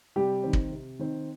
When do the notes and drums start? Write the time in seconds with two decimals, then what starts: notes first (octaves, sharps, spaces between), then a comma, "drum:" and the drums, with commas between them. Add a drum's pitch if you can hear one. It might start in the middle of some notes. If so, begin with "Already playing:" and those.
0.16 C3 G3 G4
0.43 D#3 C4
0.53 drum: kick
0.72 C3
0.99 D#3 C4